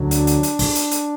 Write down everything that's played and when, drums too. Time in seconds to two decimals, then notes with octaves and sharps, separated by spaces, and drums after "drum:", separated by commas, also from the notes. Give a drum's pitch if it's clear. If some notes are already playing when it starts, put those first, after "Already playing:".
Already playing: D2 D3 F#3
0.11 D4, drum: hi-hat
0.27 drum: hi-hat
0.43 drum: hi-hat
0.59 drum: kick, open hi-hat
0.75 drum: hi-hat
0.91 drum: hi-hat